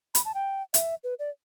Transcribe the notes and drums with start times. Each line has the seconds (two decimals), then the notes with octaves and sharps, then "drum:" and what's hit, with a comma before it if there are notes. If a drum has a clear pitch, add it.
0.15 B5, drum: hi-hat
0.25 A5
0.34 G5
0.74 E5, drum: hi-hat
1.04 B4
1.19 D5